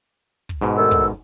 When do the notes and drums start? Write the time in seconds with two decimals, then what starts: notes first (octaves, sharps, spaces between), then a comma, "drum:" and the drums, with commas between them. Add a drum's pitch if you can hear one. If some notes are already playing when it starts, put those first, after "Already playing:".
0.49 drum: kick
0.61 G#2 B2
0.77 D2 D#3 E6
0.91 drum: kick